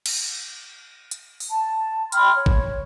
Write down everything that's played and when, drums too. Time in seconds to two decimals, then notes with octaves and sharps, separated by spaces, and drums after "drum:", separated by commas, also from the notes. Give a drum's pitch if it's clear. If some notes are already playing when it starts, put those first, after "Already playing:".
0.06 drum: cymbal
1.11 drum: hi-hat
1.40 drum: open hi-hat
1.51 A5
2.12 G5 B5 C6 F6, drum: hi-hat
2.34 C#5
2.46 drum: kick